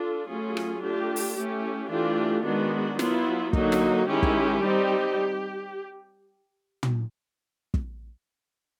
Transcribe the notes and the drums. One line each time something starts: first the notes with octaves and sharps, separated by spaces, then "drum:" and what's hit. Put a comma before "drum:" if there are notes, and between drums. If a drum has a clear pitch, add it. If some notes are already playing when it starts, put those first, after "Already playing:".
Already playing: D4 F4 A4
F#3 A3 C#4 F4 G#4
drum: rim click
A3 D4 F4 G4
drum: open hi-hat
A3 C#4 E4 G4
E3 A3 D4 F4 G4
D#3 G#3 B3 D4 F#4
F#3 B3 E4 F4, drum: snare
D3 F#3 A#3 D#4 F#4, drum: kick
drum: snare
D#3 G#3 C#4 E4 G4
drum: kick
G3 C4 D#4
drum: tom
drum: kick